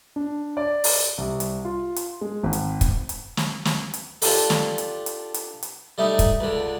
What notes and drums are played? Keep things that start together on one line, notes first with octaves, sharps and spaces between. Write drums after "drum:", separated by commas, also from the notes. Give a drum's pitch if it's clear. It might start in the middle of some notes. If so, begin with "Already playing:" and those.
D4
D5
drum: open hi-hat
C2
drum: hi-hat
F4
drum: hi-hat
G#3
G#1
drum: hi-hat
drum: kick, hi-hat
drum: hi-hat
drum: snare
drum: snare
drum: hi-hat
D4 F4 G4 A4, drum: open hi-hat
drum: snare
drum: hi-hat
drum: hi-hat
drum: hi-hat
drum: hi-hat
G3 A3 D#4
drum: kick, hi-hat
C#2 D3